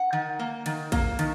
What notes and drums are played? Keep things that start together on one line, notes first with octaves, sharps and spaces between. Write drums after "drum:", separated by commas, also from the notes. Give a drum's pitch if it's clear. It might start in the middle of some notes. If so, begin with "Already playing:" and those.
Already playing: F#5
D#3
A#3
D#3, drum: cymbal
A#3, drum: kick A#1, cymbal
D#3, drum: cymbal